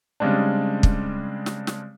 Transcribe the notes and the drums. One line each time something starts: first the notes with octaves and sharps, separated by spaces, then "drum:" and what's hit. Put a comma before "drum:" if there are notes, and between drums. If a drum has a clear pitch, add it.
C#3 G3 G#3 C4 D4
drum: kick
drum: snare
drum: snare